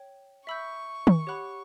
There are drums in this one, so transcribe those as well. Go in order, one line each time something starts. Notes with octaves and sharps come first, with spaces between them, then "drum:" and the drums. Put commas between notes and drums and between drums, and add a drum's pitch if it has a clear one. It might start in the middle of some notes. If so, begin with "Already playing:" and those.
Already playing: C#5 G5
E5 B5 C#6 E6 G6
drum: tom
G4 C#5 F#5 B5 F#6